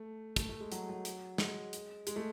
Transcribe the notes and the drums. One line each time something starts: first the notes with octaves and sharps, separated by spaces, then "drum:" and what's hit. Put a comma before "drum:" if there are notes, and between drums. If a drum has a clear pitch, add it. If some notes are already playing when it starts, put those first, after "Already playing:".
Already playing: A3
A3, drum: kick, hi-hat
A3
G#3
F#3, drum: hi-hat
F#3
drum: hi-hat
G#3, drum: snare
drum: hi-hat
G#3, drum: hi-hat
A3